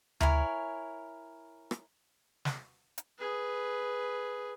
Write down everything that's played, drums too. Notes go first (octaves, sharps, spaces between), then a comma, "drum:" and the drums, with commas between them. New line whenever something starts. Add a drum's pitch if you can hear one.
E4 A#4 C#5 G#5, drum: tom D2
drum: rim click
drum: snare
drum: hi-hat
G#4 B4